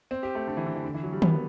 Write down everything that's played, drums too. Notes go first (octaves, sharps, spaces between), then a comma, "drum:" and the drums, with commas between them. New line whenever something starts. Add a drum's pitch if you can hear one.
C4
G4
A3
D3
E3
D3
E3
D3
E3
F#3
G3
B3, drum: tom D#3